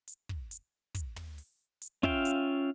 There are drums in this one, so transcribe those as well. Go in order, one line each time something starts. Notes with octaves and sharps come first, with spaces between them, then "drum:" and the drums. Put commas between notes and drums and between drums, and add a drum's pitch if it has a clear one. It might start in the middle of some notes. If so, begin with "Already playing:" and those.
drum: hi-hat
drum: kick
drum: hi-hat
drum: kick, hi-hat
drum: tom
drum: open hi-hat
drum: hi-hat
C#4 F4 E5 F5 G5, drum: kick
drum: hi-hat